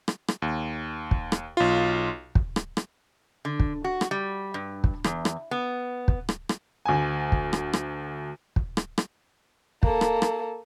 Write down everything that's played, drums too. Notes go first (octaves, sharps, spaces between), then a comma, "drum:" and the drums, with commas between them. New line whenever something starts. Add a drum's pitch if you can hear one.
drum: rim click
drum: rim click
D#2
drum: kick
drum: rim click
B1 F4
drum: kick
drum: rim click
drum: rim click
D3
drum: kick
F#4
drum: rim click
G3
G2
drum: kick
E2, drum: rim click
drum: rim click
B3
drum: kick
drum: rim click
drum: rim click
D2 G#5
drum: kick
drum: rim click
drum: rim click
drum: kick
drum: rim click
drum: rim click
A#3 A4, drum: kick
drum: rim click
drum: rim click